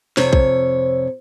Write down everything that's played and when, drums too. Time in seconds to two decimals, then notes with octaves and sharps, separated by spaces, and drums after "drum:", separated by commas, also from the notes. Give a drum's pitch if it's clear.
0.17 F2 C3 C#5, drum: snare
0.33 drum: kick A#1